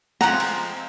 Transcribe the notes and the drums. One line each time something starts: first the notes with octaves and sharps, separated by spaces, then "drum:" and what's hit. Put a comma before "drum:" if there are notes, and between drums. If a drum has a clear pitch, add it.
F3 G#3 C4 F#5 A#5, drum: snare
drum: cymbal